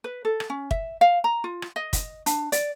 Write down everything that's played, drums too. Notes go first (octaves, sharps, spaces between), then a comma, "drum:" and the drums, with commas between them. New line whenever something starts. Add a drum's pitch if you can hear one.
B4
A4
drum: rim click
C#4
E5, drum: kick
F5
A#5
F4
drum: rim click
D#5
drum: kick, hi-hat
D4, drum: hi-hat
D5, drum: hi-hat